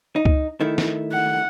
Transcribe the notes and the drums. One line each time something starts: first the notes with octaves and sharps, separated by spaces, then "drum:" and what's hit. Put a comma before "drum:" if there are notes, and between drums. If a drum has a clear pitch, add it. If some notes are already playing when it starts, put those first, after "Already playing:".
D#4
drum: kick C#2
D#3 A3 E4
drum: snare
F#5